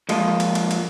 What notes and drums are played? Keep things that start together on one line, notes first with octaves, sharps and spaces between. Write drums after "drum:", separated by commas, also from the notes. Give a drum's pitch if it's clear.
A#2 F3 G#3 F4 D#5, drum: cymbal
drum: cymbal
drum: cymbal
drum: cymbal